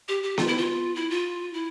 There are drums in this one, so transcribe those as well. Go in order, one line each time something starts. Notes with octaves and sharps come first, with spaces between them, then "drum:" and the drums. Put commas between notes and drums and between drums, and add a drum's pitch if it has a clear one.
G4
G4
F4, drum: snare B3
E4
F4
E4
F4
E4